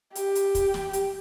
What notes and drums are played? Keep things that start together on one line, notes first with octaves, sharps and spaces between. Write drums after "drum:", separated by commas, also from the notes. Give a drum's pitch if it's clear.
G4, drum: hi-hat
drum: hi-hat
drum: kick, hi-hat
drum: snare
drum: hi-hat